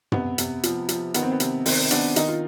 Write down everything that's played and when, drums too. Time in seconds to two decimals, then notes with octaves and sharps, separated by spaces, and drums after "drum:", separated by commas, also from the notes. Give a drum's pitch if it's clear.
0.12 C3 B3, drum: tom
0.38 C3, drum: hi-hat
0.63 F3, drum: hi-hat
0.89 F3, drum: hi-hat
1.14 D#3 B3, drum: hi-hat
1.23 C4
1.32 B3
1.40 C3, drum: hi-hat
1.66 D#3 C4, drum: open hi-hat
1.91 D#3 B3 D4, drum: hi-hat
2.16 D#3 D#4, drum: hi-hat
2.28 F4